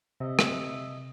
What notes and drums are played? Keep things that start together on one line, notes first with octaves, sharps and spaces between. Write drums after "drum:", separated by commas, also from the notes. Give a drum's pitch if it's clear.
C3 D#5 E5
drum: rim click